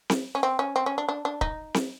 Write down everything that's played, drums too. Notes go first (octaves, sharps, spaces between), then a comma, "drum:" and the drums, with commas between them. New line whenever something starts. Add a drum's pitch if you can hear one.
drum: snare C4
C#4
C4
C#4
C4
C#4
D4
D4
D4
D#4, drum: kick
drum: snare C4